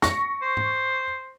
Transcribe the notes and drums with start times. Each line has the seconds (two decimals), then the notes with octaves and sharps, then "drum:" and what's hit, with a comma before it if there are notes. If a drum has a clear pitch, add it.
0.02 C#6 A#6, drum: snare
0.42 C5
0.57 drum: tom G#2